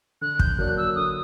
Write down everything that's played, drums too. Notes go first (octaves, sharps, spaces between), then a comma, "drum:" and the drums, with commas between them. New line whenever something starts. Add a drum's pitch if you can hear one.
D3 F#6
G6, drum: kick
F#3 A#3 D4 F#6
E6
D3 D#6